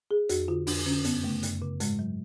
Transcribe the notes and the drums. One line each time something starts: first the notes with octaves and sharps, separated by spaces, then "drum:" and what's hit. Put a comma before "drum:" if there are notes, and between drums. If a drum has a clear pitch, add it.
G#4
F2 F#4, drum: hi-hat
D3 F4
F2 D4, drum: open hi-hat
D3 C#4
F#2 B3, drum: hi-hat
C#3 A3
F#2, drum: hi-hat
C#3
G#2 G#3, drum: hi-hat
F#3